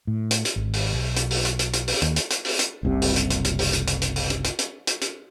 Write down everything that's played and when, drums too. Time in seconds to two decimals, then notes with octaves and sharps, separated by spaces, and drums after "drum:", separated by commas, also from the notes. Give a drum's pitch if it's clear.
0.07 A2
0.31 drum: hi-hat
0.45 drum: hi-hat
0.56 G#1
0.73 drum: open hi-hat
0.93 B1
1.16 drum: hi-hat
1.30 drum: open hi-hat
1.45 drum: hi-hat
1.59 drum: hi-hat
1.73 drum: hi-hat
1.87 drum: open hi-hat
2.02 D#2, drum: hi-hat
2.16 drum: hi-hat
2.30 drum: hi-hat
2.45 drum: open hi-hat
2.59 drum: hi-hat
2.83 F#1 C2 C3
3.02 drum: open hi-hat
3.16 drum: hi-hat
3.30 drum: hi-hat
3.44 drum: hi-hat
3.59 drum: open hi-hat
3.73 drum: hi-hat
3.87 drum: hi-hat
4.01 drum: hi-hat
4.16 drum: open hi-hat
4.30 drum: hi-hat
4.44 drum: hi-hat
4.59 drum: hi-hat
4.87 drum: hi-hat
5.01 drum: hi-hat